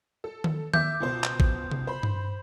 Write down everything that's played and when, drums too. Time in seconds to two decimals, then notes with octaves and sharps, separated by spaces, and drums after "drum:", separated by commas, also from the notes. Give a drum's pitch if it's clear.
0.24 A4
0.44 drum: tom D#3
0.74 E5 D6 G6, drum: tom D#3
1.01 C#2 B2 C5
1.24 drum: clap
1.40 drum: kick A1
1.71 drum: tom C3
1.87 C5 B5
2.03 drum: tom G2